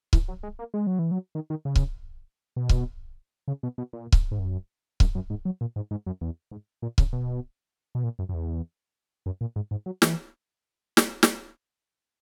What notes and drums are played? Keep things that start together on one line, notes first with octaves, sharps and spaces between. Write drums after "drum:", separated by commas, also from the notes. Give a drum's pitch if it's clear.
E3, drum: kick C#1
F#3
G#3
A#3
G#3
F#3
E3
F#3
D#3
D#3
C#3
drum: kick C#1
B2
drum: kick C#1
C#3
B2
B2
A#2
drum: kick C#1
G#2
F#2
F#2, drum: kick C#1
F#2
G#2
F#3
A#2
G#2
G#2
F#2
E2
G#2
A#2
C#3, drum: kick C#1
B2
B2
A#2
F#2
F#2
E2
F#2
A#2
G#2
G#2
F#3
E3, drum: snare
drum: snare
drum: snare